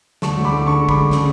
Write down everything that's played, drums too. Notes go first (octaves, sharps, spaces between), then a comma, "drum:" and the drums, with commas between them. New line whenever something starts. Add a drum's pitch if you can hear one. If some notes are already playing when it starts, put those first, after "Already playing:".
D2 A5 C#6, drum: snare
D2
B5 D6
D3
D3 A5 C#6
G#3
B5 D6, drum: kick
D2
C#3, drum: snare